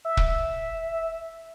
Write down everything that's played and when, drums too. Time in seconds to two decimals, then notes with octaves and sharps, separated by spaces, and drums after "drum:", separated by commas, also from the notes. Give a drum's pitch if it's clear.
0.05 E5
0.17 drum: kick